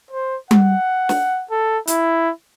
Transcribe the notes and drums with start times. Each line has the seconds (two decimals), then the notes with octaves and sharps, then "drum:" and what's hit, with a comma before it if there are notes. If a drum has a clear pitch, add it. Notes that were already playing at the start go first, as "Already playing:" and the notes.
0.11 C5
0.51 F#5, drum: tom G3
1.09 drum: snare
1.50 A4
1.87 E4, drum: hi-hat